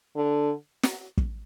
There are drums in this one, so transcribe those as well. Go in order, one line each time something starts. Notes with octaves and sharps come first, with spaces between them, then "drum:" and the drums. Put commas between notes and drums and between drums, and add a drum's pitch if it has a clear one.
D3
drum: snare
drum: kick